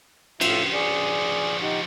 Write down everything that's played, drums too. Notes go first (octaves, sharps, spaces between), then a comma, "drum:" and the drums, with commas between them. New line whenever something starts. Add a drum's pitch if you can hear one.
A2 F3 C#4 F4 E5, drum: cymbal
G#4 D5
D#4 G4 F#5